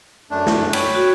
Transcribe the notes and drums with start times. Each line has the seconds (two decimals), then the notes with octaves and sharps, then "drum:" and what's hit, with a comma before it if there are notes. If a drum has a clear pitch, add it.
0.31 F#2 A3 D4
0.47 drum: snare
0.73 C#5 G5 B5, drum: cymbal
0.95 F#4